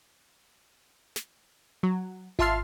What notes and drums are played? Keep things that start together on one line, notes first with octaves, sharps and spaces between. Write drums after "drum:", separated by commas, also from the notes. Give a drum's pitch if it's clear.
drum: snare
F#3
F4 E5 A5 C6 F6 C7, drum: kick G#1